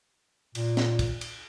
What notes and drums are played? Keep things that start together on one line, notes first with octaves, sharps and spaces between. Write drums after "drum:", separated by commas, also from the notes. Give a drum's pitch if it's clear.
A#2, drum: cymbal
drum: snare
drum: kick, cymbal
drum: cymbal